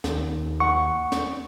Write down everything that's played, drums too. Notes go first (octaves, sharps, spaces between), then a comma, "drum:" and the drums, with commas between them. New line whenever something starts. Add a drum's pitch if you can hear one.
D#2, drum: snare
F#5 C#6
drum: snare